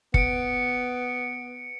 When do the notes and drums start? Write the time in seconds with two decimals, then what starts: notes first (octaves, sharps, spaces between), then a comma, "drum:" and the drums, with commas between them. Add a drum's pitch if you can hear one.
0.14 B3 C#7 D7, drum: kick